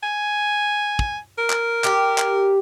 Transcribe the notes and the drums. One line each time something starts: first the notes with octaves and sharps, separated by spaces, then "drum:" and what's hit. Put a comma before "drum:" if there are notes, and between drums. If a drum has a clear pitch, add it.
G#5
drum: kick
A#4
drum: clap
G4, drum: clap
drum: clap